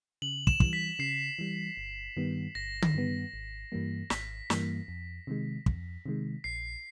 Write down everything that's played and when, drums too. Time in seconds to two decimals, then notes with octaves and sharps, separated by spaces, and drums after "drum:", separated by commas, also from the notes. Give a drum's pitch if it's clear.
0.22 C#3 F#7
0.47 E7, drum: kick
0.60 E3 G3, drum: kick
0.73 B6
0.99 C#3 C7
1.39 E3 G3
1.77 G1
2.17 G2 D#3 G3 B3
2.55 G1 A#6
2.82 drum: tom D3
2.94 G2 D#3 G3 B3
3.33 G#1
3.72 G2 E3 G3 A#3
4.10 G#1 B6, drum: snare
4.50 G2 E3 G3 A#3, drum: snare
4.88 F2
5.27 C3 D#3 G#3
5.66 F2, drum: kick
6.06 C3 D#3 G#3
6.44 A#1 C7